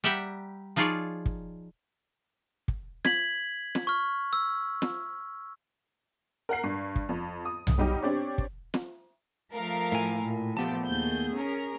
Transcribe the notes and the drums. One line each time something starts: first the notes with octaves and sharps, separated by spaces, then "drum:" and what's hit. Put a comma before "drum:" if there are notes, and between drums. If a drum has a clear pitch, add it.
G3 G4 E5 F#5 G5 A#5
F3 D#4 F4 G#4 C#5 D5
drum: kick
drum: kick
G#6 B6 F#7, drum: snare
drum: snare
C#6 F6
E6
drum: snare
A#4 F#5 C7
G2
drum: kick
F2
D#6
drum: tom B1
F#3 G3 D#4 G4
C4 D4 G4 C#5
drum: kick
drum: snare
F3 A3 A#4 F5
A2 G#5
A#2
F3 A3 B3 G4 A5
D#2 G#4 G6
C#4 A#4